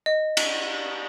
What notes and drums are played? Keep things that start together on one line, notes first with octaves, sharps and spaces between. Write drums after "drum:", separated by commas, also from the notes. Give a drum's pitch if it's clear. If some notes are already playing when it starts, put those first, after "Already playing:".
D#5
drum: cymbal